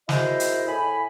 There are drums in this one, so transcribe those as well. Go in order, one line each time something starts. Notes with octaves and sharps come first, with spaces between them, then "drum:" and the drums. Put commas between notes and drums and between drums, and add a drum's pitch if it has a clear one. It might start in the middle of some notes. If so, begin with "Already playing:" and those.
E4 F#4 G#4 A#4 C5 D#5, drum: snare
drum: hi-hat
A2 E5 G#5 B5